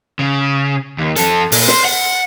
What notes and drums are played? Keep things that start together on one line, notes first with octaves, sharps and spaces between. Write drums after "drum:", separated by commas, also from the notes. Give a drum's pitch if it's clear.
C#3
D#2
F2 A4, drum: hi-hat
A#2, drum: open hi-hat
C5, drum: snare
F#5